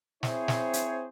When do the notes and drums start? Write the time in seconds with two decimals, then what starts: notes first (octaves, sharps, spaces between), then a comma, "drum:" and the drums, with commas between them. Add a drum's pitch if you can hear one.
0.23 C4 E4 G#4 C5 C#5, drum: snare
0.48 drum: snare
0.73 drum: hi-hat